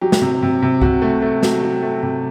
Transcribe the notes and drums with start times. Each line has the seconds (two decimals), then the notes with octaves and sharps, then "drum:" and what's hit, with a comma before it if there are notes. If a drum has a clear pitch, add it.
0.01 F#3 G4
0.12 drum: snare
0.21 C3
0.43 C3
0.62 C3
0.81 C3 F#4, drum: kick C2
1.02 A3
1.22 A3
1.43 F#3, drum: snare
1.62 F#3
1.82 A3
2.03 C3